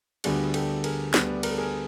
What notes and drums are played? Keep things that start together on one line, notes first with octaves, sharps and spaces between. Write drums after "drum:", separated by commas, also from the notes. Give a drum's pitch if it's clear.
D2 D3 G3 B3 D4 F#4 G#4, drum: cymbal
G4 A4, drum: cymbal
G#4 A#4, drum: cymbal
D2 D3 G3 B3 D4, drum: snare
A#4, drum: cymbal
A4
G#4 A#4